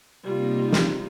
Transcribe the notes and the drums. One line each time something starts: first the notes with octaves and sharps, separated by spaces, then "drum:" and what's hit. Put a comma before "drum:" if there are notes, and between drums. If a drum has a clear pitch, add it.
C3 G3 A#3 D#4 F4
drum: snare